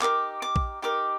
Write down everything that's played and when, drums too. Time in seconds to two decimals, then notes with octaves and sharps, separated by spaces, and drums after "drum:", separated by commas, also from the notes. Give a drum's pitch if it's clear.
0.02 D#4 G4 A#4 D6, drum: clap
0.42 D6
0.56 drum: kick A#1
0.82 D#4 G4 A#4 D6